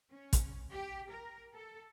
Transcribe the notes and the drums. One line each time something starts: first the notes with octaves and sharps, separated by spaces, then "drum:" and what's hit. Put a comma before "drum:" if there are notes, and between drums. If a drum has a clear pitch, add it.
C#4
drum: kick, hi-hat
G4
A#4
A4